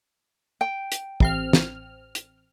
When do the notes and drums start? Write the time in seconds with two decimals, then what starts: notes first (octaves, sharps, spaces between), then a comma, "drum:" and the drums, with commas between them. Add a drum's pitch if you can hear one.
0.61 G5
0.92 drum: hi-hat
1.20 A1 C4 F6, drum: kick
1.53 drum: snare
2.15 drum: hi-hat